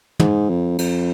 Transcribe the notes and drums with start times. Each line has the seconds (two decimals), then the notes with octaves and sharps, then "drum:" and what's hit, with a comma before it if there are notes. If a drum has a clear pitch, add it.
0.20 G#2, drum: tom
0.49 F2
0.79 F2, drum: cymbal